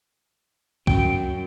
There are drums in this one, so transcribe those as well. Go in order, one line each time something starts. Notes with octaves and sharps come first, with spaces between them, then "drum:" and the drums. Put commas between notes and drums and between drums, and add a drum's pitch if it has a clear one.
F#2 G5, drum: kick